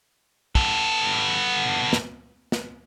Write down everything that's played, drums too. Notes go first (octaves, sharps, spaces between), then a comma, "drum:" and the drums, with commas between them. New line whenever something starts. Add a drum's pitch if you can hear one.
B3 A4, drum: kick
drum: snare
drum: snare